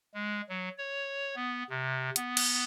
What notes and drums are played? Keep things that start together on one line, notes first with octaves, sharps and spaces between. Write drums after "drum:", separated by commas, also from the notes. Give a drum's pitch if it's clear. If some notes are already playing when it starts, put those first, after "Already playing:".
G#3
F#3
C#5
B3
C3
B3, drum: hi-hat
drum: cymbal